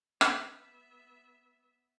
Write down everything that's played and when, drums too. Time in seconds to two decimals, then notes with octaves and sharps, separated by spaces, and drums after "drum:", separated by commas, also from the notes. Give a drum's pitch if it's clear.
0.21 B3 E5, drum: rim click